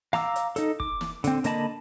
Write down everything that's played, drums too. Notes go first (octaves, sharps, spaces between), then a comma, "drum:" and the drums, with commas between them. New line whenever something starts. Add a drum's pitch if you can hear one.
F5 A#5 D6 E6, drum: snare
drum: hi-hat
D#4 A4, drum: hi-hat
D6, drum: kick
drum: snare
D3 C4, drum: hi-hat
D3 A#3 D#5 A5 B5, drum: hi-hat